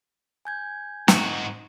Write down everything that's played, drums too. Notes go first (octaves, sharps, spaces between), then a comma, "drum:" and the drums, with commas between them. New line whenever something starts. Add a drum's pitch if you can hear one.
G#5 G6 G#6
G#2 F#4, drum: snare